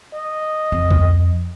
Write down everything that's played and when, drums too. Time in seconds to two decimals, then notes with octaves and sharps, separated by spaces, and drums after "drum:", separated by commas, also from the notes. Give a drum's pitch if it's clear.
0.14 D#5
0.72 F2
0.91 drum: kick C2